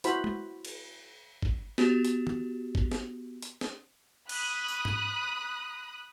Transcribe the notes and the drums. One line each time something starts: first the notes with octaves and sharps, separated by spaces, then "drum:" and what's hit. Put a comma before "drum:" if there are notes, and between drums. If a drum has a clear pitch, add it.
E4 F#4 C5 B5, drum: hi-hat
drum: tom
drum: cymbal
drum: kick G1
B3 F#4 G4, drum: snare
drum: hi-hat
drum: tom D#3
drum: kick G1
drum: snare
drum: hi-hat
drum: snare
B5 D#6 F#6, drum: cymbal
drum: tambourine
drum: tom G#2